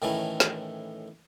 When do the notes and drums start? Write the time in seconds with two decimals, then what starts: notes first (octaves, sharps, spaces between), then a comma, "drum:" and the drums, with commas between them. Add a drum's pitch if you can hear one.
0.02 A2 D#3 E3 A3 C#4 E4
0.40 drum: snare